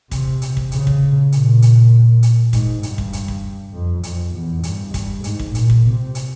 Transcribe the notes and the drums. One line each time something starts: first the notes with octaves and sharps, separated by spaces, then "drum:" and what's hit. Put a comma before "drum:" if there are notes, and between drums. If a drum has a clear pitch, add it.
C3, drum: kick, hi-hat
drum: hi-hat
drum: kick
C#3, drum: hi-hat
drum: kick
A#2, drum: hi-hat
drum: hi-hat
drum: hi-hat
G#2, drum: kick, hi-hat
G2, drum: hi-hat
drum: kick
drum: hi-hat
drum: kick
F2
F2, drum: hi-hat
E2
G2, drum: hi-hat
G2, drum: kick, hi-hat
G#2, drum: hi-hat
drum: kick
A#2, drum: hi-hat
drum: kick
C3
drum: hi-hat